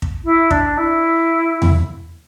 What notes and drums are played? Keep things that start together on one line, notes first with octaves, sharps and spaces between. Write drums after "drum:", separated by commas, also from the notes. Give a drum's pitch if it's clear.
drum: kick
E4
D4, drum: kick
E4
drum: tom E2